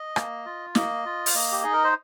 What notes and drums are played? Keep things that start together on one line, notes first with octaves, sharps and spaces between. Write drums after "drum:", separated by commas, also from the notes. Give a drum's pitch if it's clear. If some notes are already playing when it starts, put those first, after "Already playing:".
Already playing: D#5
A#3, drum: rim click
F4
A#3 D#5, drum: snare
F4
F5, drum: open hi-hat
A#3 D#5
G4
D#4 G#4
A#4
C5